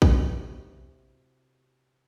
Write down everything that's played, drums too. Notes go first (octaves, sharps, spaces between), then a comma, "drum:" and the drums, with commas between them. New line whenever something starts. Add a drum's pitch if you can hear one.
C3 E4 F#4, drum: kick